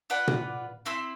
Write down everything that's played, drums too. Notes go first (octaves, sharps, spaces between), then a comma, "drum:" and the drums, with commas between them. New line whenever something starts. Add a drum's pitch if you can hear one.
F4 B4 D5 F#5
drum: tom A#2
C4 E4 E5 C6